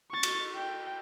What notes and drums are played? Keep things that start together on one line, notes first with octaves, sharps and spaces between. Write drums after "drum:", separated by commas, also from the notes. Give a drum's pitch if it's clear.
C#6 A6
drum: cymbal
G5